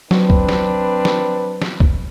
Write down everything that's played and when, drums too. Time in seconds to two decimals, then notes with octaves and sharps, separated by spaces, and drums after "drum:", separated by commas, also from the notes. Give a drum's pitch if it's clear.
0.11 F#3 C4 D4 B4, drum: snare
0.30 drum: kick
0.49 drum: snare
1.05 drum: snare
1.62 drum: snare
1.80 drum: kick